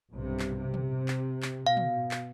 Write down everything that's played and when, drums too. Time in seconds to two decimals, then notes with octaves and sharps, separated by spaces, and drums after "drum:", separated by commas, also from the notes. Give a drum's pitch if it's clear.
0.13 B1 G2 C3
0.39 drum: clap
0.57 C3
0.74 drum: tom
1.08 drum: clap
1.42 drum: clap
1.67 B2 F5
1.77 drum: tom
2.11 drum: clap